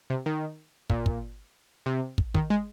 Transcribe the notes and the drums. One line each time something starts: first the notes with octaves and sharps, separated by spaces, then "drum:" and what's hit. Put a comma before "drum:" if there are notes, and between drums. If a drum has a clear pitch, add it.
C3
D#3
A#2, drum: kick
drum: kick
C3
drum: kick
D#3, drum: kick
G#3